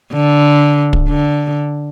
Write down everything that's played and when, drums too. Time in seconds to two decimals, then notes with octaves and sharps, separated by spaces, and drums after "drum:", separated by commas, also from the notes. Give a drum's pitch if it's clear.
0.14 D3
0.93 drum: kick
1.08 D3